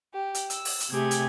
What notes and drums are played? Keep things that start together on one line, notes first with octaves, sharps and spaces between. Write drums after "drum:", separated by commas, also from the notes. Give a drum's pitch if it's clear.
G4
drum: hi-hat
E6, drum: hi-hat
drum: open hi-hat
drum: hi-hat
C3 A3 G4 G#4 G#6
drum: hi-hat